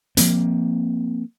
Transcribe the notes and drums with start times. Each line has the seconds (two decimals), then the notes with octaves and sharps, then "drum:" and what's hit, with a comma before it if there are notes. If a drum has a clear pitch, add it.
0.17 F3 A#3 C4, drum: hi-hat